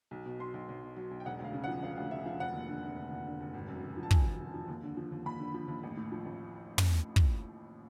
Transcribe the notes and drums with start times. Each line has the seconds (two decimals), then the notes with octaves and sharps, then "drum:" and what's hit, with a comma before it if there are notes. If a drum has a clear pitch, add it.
0.11 B1
0.25 B2
0.39 F#3 C6
0.54 B1
0.69 B1
0.83 B2
0.96 F#3
1.11 B1
1.20 G5
1.25 E1 F#5
1.39 D2 F5
1.53 C#3
1.64 F#5
1.68 F3
1.83 E1 F5
1.96 D2 F5
2.11 C#3 E5
2.26 F3 F5
2.40 F1 F#5
2.53 D#2
2.69 D3
2.82 F1
2.96 F1
3.11 D#2
3.25 D3
3.40 F1
3.54 G#1
3.68 F#2
3.83 C#3
3.97 F3
4.03 A5
4.11 G#1 G#5, drum: kick
4.25 F#2
4.40 C#3
4.54 F3
4.68 D#2
4.83 D3
4.97 F3
5.12 D#2
5.25 D#2 B5
5.39 D3
5.54 F3
5.68 D#2
5.83 A1
5.97 A2
6.12 F3
6.25 A1
6.78 drum: tom
7.16 drum: kick